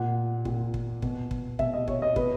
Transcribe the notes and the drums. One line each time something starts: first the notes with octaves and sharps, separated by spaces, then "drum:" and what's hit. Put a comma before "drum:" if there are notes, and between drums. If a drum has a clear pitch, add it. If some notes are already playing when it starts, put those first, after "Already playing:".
Already playing: A#2 F#5
A#2, drum: kick
drum: kick
B2, drum: kick
drum: kick
B2 E5, drum: kick
D#5
C#5, drum: kick
D#5
B2 B4, drum: kick